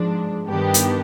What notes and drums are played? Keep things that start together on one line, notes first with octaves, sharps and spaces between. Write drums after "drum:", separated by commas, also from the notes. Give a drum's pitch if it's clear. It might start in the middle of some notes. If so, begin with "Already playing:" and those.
Already playing: G#2 F3 G#3 D4
G2 D#3 B3 D4 G4
drum: hi-hat